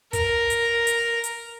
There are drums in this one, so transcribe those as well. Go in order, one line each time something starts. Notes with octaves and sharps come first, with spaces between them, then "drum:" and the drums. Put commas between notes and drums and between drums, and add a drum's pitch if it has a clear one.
A#4, drum: kick, hi-hat
drum: hi-hat
drum: hi-hat
drum: hi-hat